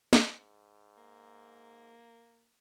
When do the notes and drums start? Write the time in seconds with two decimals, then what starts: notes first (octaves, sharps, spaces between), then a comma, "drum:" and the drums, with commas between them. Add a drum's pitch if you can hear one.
0.13 G#2, drum: snare
0.97 A#3